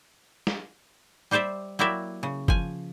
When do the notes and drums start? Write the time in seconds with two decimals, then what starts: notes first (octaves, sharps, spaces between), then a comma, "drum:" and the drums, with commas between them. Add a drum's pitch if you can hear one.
0.47 drum: snare
1.31 G3 G4 C5 D5 E5
1.79 F#3 A#3 E4 G4 D5 E5
2.23 C#3
2.48 F3 G#5, drum: kick